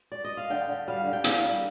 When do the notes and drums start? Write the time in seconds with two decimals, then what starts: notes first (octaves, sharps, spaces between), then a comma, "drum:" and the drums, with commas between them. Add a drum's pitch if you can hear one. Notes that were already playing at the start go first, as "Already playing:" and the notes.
Already playing: C5
0.12 D5
0.25 D#5
0.37 F5
0.50 D3 G5
0.69 D3
0.88 G3 F5
1.06 D3
1.13 G5
1.24 A#3 F5, drum: hi-hat
1.44 G3